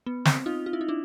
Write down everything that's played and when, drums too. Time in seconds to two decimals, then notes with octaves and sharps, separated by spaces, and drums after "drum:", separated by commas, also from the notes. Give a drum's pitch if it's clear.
0.06 B3
0.25 C4, drum: snare
0.46 D#4 F4
0.66 F4
0.73 E4
0.81 D#4
0.88 D4 E4